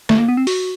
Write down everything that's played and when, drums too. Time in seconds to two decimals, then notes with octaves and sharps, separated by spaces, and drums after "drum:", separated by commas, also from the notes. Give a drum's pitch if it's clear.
0.09 A3, drum: snare
0.18 A#3
0.28 B3
0.37 C4
0.47 F#4, drum: open hi-hat